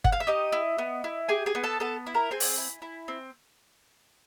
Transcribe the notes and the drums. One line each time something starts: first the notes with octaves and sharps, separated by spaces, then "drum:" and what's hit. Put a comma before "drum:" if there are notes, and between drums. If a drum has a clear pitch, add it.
F#5, drum: kick G1
F5
E5
D#4 G4 D#5
E4
B3
E4
G4 G#4 G#5
G#4 G#5
B3
A4 A5
B3 A4 A5
E4
A#4 A#5
C4 G#4 G#5
drum: open hi-hat
E4
E4
C4